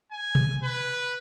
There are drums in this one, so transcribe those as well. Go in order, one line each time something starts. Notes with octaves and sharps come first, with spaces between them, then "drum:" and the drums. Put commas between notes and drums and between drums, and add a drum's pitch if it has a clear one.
G#5
drum: tom
B4